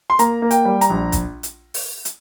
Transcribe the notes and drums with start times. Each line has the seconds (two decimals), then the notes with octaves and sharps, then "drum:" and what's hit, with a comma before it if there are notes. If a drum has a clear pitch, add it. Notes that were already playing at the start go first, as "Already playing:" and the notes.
0.10 C6
0.19 A#3 A#5, drum: hi-hat
0.42 A#3
0.51 G5, drum: hi-hat
0.65 G3
0.81 A#5, drum: hi-hat
0.90 A#1
1.12 drum: kick, hi-hat
1.43 drum: hi-hat
1.74 drum: open hi-hat
2.05 drum: hi-hat